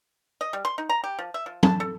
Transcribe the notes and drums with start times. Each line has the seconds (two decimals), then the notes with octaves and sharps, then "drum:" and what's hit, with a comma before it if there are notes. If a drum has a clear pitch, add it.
0.41 D#5
0.53 G3
0.65 C6
0.78 D#4
0.89 A#5
1.04 G4
1.19 F3
1.34 E5
1.46 F3
1.63 A5, drum: tom
1.80 A4